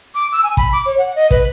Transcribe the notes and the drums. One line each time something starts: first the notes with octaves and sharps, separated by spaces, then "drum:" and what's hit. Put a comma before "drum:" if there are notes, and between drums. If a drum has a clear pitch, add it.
D6
E6
G#5
B5, drum: kick
D6
C#5
F#5
D#5
B4, drum: kick